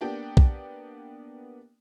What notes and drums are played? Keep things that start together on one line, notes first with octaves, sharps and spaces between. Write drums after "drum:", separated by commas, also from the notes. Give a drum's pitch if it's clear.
A#3 B3 D4 G4 G5
drum: kick